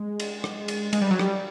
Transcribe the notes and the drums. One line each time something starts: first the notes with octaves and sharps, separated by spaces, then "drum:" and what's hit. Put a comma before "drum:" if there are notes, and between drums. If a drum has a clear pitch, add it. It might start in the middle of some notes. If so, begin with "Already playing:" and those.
Already playing: G#3
drum: cymbal
drum: rim click
drum: cymbal
G#3, drum: cymbal
G3
F#3
G3, drum: rim click